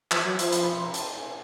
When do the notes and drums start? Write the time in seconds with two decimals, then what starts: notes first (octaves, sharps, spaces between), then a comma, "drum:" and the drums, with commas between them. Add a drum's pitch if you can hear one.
0.11 F3 A#5, drum: clap
0.25 F#3
0.39 F3, drum: hi-hat
0.52 B5, drum: hi-hat
0.63 B5
0.73 C6
0.84 A#5
0.94 A5, drum: hi-hat
1.15 G#5